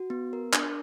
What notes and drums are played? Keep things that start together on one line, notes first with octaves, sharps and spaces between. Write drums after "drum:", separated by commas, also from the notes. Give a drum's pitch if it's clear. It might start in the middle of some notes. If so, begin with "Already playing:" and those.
Already playing: F#4
B3
A#4
D4, drum: clap